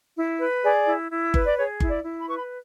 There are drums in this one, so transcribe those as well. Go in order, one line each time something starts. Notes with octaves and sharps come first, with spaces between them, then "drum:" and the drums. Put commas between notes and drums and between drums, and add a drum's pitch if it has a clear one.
E4
B4
G#4 D5
E4
E4
B4, drum: kick G1
D5
G#4 C#5
E4, drum: kick G1
D5
E4
B5
B4 C#6
B5